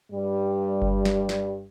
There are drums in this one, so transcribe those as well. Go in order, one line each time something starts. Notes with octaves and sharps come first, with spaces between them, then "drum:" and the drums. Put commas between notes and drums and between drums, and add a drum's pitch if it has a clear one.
G2 G3
drum: kick G1
drum: snare
drum: snare